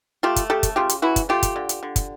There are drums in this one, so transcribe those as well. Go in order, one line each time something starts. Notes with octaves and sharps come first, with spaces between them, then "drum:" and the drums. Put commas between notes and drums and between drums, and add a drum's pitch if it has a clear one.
A3 F4 G4
drum: kick, hi-hat
C#3 G4 A4
drum: kick, hi-hat
C#3 F4 G4
drum: hi-hat
E3 E4 F#4
drum: kick, hi-hat
A3 F4 G4
drum: kick, hi-hat
D3
drum: hi-hat
D3
drum: kick, hi-hat